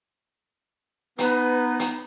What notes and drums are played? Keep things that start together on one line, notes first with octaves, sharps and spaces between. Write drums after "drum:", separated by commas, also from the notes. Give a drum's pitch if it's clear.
B3 D#4 B4, drum: hi-hat
drum: hi-hat